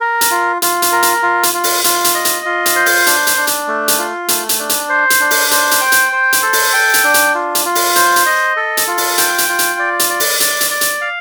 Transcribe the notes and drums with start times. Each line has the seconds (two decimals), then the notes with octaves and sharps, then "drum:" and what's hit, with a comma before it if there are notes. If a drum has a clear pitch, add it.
0.01 A#4
0.21 drum: hi-hat
0.31 F4
0.62 F4, drum: hi-hat
0.82 drum: hi-hat
0.92 A#4
1.03 drum: hi-hat
1.23 F4
1.43 drum: hi-hat
1.54 F4
1.64 drum: open hi-hat
1.84 F4, drum: hi-hat
2.04 drum: hi-hat
2.15 D#5
2.25 drum: hi-hat
2.45 F4
2.66 drum: hi-hat
2.76 C5
2.86 drum: open hi-hat
3.06 D4, drum: hi-hat
3.27 drum: hi-hat
3.37 D4
3.47 drum: hi-hat
3.68 A3
3.88 drum: hi-hat
3.98 F4
4.28 A3, drum: hi-hat
4.49 drum: hi-hat
4.59 D4
4.69 drum: hi-hat
4.89 C5
5.10 drum: hi-hat
5.21 D4
5.31 drum: open hi-hat
5.51 C5, drum: hi-hat
5.71 drum: hi-hat
5.81 G5
5.92 drum: hi-hat
6.12 C5
6.33 drum: hi-hat
6.43 A4
6.53 drum: open hi-hat
6.73 G5
6.94 drum: hi-hat
7.04 D4
7.14 drum: hi-hat
7.35 F4
7.55 drum: hi-hat
7.65 F4
7.75 drum: open hi-hat
7.96 C5, drum: hi-hat
8.16 drum: hi-hat
8.26 D#5
8.57 A4
8.77 drum: hi-hat
8.88 F4
8.98 drum: open hi-hat
9.18 G5, drum: hi-hat
9.38 drum: hi-hat
9.49 F4
9.59 drum: hi-hat
9.79 D5
9.99 drum: hi-hat
10.09 D5
10.20 drum: open hi-hat
10.40 D5, drum: hi-hat
10.61 drum: hi-hat
10.70 D5
10.81 drum: hi-hat
11.01 F5